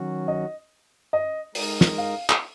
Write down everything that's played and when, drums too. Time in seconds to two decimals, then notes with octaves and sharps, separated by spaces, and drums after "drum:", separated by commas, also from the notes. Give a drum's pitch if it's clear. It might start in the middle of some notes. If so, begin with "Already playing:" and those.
Already playing: D#3 F#3 C#4 F#4
0.28 D#5
1.13 D#5
1.55 G#3 D#4 A#4 D#5, drum: open hi-hat
1.81 drum: snare
1.98 F5
2.30 drum: clap